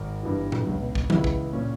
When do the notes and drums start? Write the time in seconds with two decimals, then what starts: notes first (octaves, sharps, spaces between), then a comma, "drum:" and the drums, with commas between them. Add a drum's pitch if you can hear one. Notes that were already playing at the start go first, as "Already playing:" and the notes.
Already playing: G#1 A#4
0.23 G1 G2 E3
0.52 drum: tom A#2
0.66 C#2 B2
0.95 drum: kick
1.10 C#2 C#3 E3 E4, drum: tom D#3
1.24 drum: kick
1.53 A#2 C#4